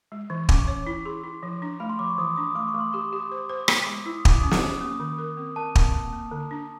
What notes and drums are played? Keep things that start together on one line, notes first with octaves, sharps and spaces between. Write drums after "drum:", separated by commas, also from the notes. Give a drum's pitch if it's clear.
G#3
E3 C#6
C#4 D6, drum: kick
C#6
C#5
E4
G#4 C6
E4
F3
D4
A3 B5
C6
F3 D6
C#6
E3 D#6
D4 D#6
D#6
A3 D6
C#6
A3
C6
G4 C#6
G4
C5
C5
B3, drum: rim click
G#3
E4 E6
D#6
E4 D6, drum: kick
C#4 D#6
drum: snare
C#4
A#3 D#6
D#3
A#4
C4
A#4 A5
C4, drum: kick
A#3
A#3
D3
D4